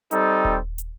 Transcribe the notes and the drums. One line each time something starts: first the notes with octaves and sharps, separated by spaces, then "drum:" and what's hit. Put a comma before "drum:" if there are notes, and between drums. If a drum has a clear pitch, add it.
G3 C4 D#4 A4, drum: hi-hat
drum: kick D#1
drum: hi-hat